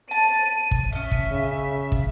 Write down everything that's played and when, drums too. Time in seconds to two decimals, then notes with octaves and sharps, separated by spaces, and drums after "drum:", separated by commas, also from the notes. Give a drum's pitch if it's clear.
0.11 A5 D#7
0.71 drum: kick
0.93 C#4 D#5 E5
1.11 drum: kick
1.31 C#3
1.92 drum: kick